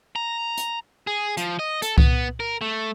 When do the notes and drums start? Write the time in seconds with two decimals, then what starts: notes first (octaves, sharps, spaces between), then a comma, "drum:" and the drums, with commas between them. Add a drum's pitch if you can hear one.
0.16 A#5
0.57 drum: hi-hat
1.07 G#4
1.37 F3, drum: hi-hat
1.59 D#5
1.82 A4, drum: hi-hat
1.98 B3, drum: kick C2
2.40 A#4
2.61 A3